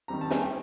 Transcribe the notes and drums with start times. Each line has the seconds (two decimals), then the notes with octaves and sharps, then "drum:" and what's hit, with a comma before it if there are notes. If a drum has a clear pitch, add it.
0.08 D#3 G3 C4 A#5
0.21 A5
0.31 G#5, drum: snare
0.41 G5